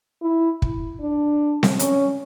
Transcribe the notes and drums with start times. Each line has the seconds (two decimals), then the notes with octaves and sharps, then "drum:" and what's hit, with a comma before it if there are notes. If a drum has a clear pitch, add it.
0.22 E4
0.62 drum: kick
1.00 D4
1.63 drum: snare C4
1.79 C#4, drum: hi-hat